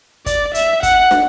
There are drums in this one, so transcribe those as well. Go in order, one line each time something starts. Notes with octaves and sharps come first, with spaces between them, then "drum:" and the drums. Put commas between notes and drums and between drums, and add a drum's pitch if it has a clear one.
D5, drum: kick, hi-hat
E5, drum: hi-hat
F#5, drum: kick, hi-hat
drum: snare